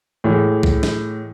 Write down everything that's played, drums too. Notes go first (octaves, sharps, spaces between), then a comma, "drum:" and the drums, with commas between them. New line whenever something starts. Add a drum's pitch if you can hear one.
A2 E3 G#3
drum: kick B1
drum: snare